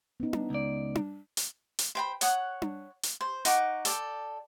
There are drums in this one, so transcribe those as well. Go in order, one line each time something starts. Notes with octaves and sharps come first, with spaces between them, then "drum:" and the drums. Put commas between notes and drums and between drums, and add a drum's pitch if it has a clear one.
B3 C#4 D#4
drum: tom D4
C#2 D5
drum: tom D4
drum: hi-hat
drum: hi-hat
C5 G5 B5
C#5 F#5 D#6, drum: hi-hat
drum: tom D4
drum: hi-hat
C5
D#4 F#5 C#6 D6, drum: hi-hat
A4 D5 G5, drum: hi-hat